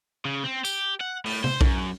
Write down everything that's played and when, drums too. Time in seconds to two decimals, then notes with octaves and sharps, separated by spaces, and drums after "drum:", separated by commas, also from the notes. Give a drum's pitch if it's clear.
0.25 C#3
0.44 C4
0.65 G4, drum: tambourine
1.01 F#5
1.26 A2, drum: open hi-hat
1.44 C5, drum: tom C3
1.61 F#2, drum: kick B1